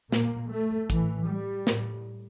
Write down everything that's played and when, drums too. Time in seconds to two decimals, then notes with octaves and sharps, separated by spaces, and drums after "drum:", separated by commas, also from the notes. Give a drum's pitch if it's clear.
0.12 A#2 A#3, drum: snare
0.51 A3
0.90 A2 E3, drum: kick, hi-hat
1.27 G3
1.67 A2, drum: snare